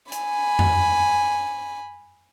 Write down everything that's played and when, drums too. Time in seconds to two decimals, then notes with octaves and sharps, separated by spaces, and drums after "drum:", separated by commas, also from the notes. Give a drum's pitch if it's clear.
0.12 G#5 B5, drum: hi-hat
0.59 drum: tom F2